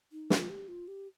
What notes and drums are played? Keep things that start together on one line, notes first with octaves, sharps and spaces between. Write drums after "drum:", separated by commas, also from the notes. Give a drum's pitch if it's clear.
D#4
F4, drum: snare
G4
F4
G4